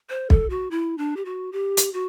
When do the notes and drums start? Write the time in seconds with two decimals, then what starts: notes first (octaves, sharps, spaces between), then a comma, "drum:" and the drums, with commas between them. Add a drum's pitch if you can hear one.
0.10 C5
0.30 A4, drum: kick
0.50 F#4
0.71 E4
0.98 D4
1.17 G4
1.25 F#4
1.53 G4
1.77 drum: hi-hat
1.94 F#4